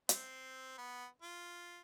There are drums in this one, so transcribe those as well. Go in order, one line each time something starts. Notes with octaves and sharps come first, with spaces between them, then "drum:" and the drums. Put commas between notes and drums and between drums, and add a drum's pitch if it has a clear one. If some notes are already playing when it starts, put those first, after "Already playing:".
C4, drum: hi-hat
B3
F4